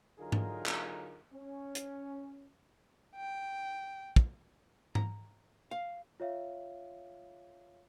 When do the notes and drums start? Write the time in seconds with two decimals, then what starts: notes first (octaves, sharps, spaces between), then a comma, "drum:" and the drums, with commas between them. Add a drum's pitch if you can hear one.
0.19 D3 F#3 D#4 F4 G#4 A#4
0.32 drum: tom G#2
0.66 drum: clap
1.31 C#4
1.75 drum: hi-hat
3.16 G5
4.16 drum: kick
4.95 A#5, drum: tom G#2
5.71 F5
6.20 F4 C#5 E5 F5